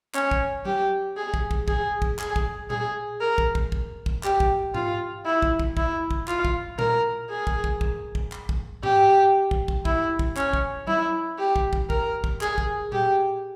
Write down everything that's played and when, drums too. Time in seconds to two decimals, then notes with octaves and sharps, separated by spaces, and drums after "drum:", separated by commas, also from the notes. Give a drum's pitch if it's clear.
0.15 C#4, drum: clap
0.31 drum: kick
0.65 G4, drum: tom F#3
1.16 G#4
1.34 drum: kick
1.51 drum: kick
1.68 G#4, drum: kick
2.02 drum: kick
2.19 G#4, drum: clap
2.36 drum: kick
2.70 G#4, drum: tom A#2
3.21 A#4
3.38 drum: kick
3.55 drum: kick
3.72 drum: kick
4.06 drum: kick
4.23 G4, drum: clap
4.40 drum: kick
4.75 F4, drum: tom G#2
5.25 E4
5.42 drum: kick
5.59 drum: kick
5.77 E4, drum: kick
6.11 drum: kick
6.28 F4, drum: clap
6.45 drum: kick
6.79 A#4, drum: tom A#2
7.30 G#4
7.47 drum: kick
7.64 drum: kick
7.81 drum: kick
8.15 drum: kick
8.32 drum: clap
8.49 drum: kick
8.83 G4, drum: tom G#2
9.51 drum: kick
9.68 drum: kick
9.85 E4, drum: kick
10.19 drum: kick
10.37 C#4, drum: clap
10.53 drum: kick
10.87 E4, drum: tom F#3
11.38 G4
11.56 drum: kick
11.73 drum: kick
11.90 A#4, drum: kick
12.24 drum: kick
12.41 G#4, drum: clap
12.58 drum: kick
12.92 G4, drum: tom A#2